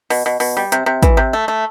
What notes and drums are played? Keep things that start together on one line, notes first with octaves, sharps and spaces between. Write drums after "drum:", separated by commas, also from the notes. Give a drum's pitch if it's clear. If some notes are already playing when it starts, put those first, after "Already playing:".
B2, drum: open hi-hat
B2
B2, drum: open hi-hat
G3
C3, drum: hi-hat
C3
E3, drum: kick, hi-hat
C3
A3
A3